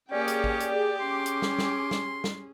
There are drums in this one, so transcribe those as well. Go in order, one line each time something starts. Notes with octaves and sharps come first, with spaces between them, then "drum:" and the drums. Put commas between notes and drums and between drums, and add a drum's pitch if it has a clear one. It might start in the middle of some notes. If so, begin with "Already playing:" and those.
A#3 C#4 G4 G#4 D5 G5
drum: hi-hat
drum: kick
drum: hi-hat
C#4 G#4 C6 D6
drum: hi-hat
drum: snare
drum: snare
drum: snare
drum: snare